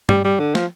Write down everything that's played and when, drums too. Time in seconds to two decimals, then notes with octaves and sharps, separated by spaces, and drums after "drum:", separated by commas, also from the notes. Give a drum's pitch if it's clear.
0.09 G3, drum: tom
0.25 G3
0.39 D3
0.55 F3, drum: snare